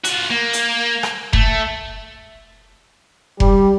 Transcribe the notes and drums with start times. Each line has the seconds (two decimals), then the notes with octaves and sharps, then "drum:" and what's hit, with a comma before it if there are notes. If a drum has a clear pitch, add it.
0.04 F4 F#4, drum: hi-hat
0.30 A#3
0.53 drum: hi-hat
1.03 drum: rim click
1.33 A3, drum: kick F1
3.40 G3 G4, drum: kick F1